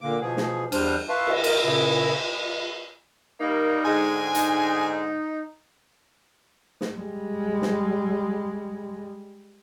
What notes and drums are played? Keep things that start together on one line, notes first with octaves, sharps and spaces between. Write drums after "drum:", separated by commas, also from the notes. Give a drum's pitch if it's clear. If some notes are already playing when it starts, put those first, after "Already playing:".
A#2 D3 A#3 D6
B2 E3 F3 G#4
drum: snare
E2 G3 D4 C5 F6, drum: cymbal
B4 E5 F5 A5 C6 C#6
drum: cymbal
A#4 D#5 A#5, drum: cymbal
A#2 C#3 E4
G3 A#3 D#4
G#2 D3 G#3 G#5
D#4, drum: hi-hat
drum: snare
G3 G#3
drum: snare